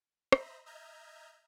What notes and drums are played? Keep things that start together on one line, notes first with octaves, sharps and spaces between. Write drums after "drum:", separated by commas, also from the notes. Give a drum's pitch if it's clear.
C5 D#5 E5 A#5 B5, drum: rim click
D#5 E5 A#5 F6 G6 G#6